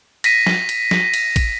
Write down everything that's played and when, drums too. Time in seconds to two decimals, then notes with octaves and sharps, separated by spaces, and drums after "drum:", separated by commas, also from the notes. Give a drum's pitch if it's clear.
0.24 A#6 B6 D#7, drum: cymbal
0.47 drum: snare
0.69 drum: cymbal
0.91 drum: snare
1.14 drum: cymbal
1.36 drum: kick, cymbal